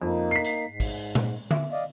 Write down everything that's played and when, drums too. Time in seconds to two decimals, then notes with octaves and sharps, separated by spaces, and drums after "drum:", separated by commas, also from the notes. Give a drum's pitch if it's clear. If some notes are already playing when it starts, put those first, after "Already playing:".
0.02 F2 A#3 D#4
0.31 B6 C7
0.45 drum: hi-hat
0.67 G#2
0.80 drum: kick, open hi-hat
1.15 drum: tom A#2
1.51 E5, drum: tom D3
1.72 D5 D#5 F5